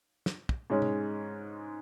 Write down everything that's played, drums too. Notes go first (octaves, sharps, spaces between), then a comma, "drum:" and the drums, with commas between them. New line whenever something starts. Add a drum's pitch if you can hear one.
drum: snare
drum: kick
G#2 G#3 C#4
drum: tom B2